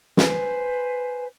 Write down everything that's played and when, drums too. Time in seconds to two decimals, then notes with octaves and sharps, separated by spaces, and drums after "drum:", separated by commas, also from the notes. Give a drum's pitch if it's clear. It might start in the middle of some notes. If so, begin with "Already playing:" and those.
0.17 B4 C5 G#5, drum: snare